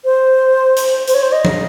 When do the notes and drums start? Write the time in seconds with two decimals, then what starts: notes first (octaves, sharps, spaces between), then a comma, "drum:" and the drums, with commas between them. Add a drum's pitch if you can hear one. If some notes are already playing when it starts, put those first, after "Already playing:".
0.04 C5
0.77 drum: hi-hat
1.08 C5, drum: hi-hat
1.14 C#5
1.23 C5
1.32 D#5
1.45 drum: tom F3